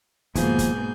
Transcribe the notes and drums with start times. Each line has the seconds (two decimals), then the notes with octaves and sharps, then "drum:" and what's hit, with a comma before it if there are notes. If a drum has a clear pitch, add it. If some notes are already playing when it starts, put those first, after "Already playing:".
0.35 D#2 G#2 B2 F3 A#3 G#4 G6, drum: kick, hi-hat
0.59 drum: kick, hi-hat